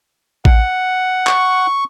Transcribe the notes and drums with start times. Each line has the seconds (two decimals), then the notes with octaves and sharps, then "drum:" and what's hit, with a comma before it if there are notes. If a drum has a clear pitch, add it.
0.45 F#5, drum: kick A1
1.27 C#6, drum: clap